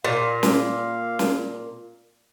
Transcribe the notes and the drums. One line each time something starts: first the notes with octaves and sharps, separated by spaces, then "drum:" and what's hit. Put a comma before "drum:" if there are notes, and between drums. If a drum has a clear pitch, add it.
A#2 F5
drum: snare
drum: snare